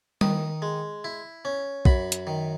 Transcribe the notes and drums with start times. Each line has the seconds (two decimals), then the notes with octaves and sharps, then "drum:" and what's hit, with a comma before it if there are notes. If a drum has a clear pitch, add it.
0.21 D#3 D#6, drum: tom G3
0.62 G#3
1.04 E4
1.45 C#4
1.85 F#2 B5, drum: kick
2.12 drum: hi-hat
2.27 D#3